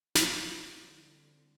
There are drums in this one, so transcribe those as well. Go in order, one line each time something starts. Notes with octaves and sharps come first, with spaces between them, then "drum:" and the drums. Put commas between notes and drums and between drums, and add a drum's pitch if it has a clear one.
E2 E4 F4, drum: snare
D3 G3 C4